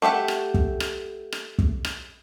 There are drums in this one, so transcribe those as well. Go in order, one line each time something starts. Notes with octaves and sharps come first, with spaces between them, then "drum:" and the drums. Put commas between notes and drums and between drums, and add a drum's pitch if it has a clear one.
A3 G4 E5 F#5
drum: rim click
drum: kick
drum: rim click
drum: rim click
drum: kick
drum: rim click